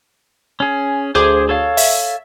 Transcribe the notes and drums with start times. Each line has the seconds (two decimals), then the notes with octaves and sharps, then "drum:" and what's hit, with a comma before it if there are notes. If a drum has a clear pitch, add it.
0.60 C#4 G#4
1.15 D2 G#4 C5 D6
1.49 A4 C#5 F5
1.77 E5, drum: open hi-hat